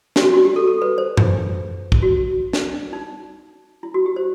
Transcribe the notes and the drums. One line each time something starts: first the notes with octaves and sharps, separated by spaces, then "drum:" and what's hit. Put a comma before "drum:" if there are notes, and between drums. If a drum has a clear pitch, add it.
G4, drum: snare
F#4
F#4
G4
A4
A4
B4
C5
drum: tom F#2
drum: kick
F#4
drum: snare
D#4
E4
F#4
G4
C5